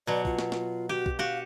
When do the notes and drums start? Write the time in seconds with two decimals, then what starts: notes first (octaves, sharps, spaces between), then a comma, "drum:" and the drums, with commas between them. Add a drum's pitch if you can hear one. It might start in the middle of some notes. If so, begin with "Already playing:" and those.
0.07 B2 F#3 D5
0.25 F4, drum: kick
0.39 drum: snare
0.52 drum: snare
0.89 F#4 G4
1.06 drum: kick
1.19 F#4 G4 F5